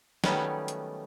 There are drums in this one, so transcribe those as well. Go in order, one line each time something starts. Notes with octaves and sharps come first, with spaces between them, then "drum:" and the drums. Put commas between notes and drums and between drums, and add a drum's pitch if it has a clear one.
D#3 F#3 G3 A3 B3 C#4, drum: snare
drum: hi-hat